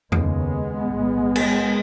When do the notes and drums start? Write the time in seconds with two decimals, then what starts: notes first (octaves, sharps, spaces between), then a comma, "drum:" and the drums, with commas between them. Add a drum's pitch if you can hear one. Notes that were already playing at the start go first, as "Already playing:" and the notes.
0.12 D#2 C#3 G#3 B3, drum: tom F2
0.83 B1 A2
1.36 drum: cymbal